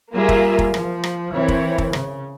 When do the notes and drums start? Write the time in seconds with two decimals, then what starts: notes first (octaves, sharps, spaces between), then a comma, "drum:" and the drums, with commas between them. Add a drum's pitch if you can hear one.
0.14 G3 A#3 F4 G#4 E5
0.29 drum: kick
0.59 drum: kick
0.74 F3, drum: rim click
1.04 drum: rim click
1.33 E3 C4 E4 A#4 C#5
1.48 drum: kick
1.78 drum: kick
1.93 C#3, drum: rim click